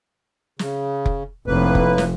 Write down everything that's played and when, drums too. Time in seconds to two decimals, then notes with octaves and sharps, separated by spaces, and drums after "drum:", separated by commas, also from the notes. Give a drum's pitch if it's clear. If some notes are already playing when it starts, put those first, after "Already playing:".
0.59 C#3, drum: snare
1.06 drum: kick F1
1.47 F1 F2 A2 A#3 B4
1.75 drum: kick F1
1.98 drum: snare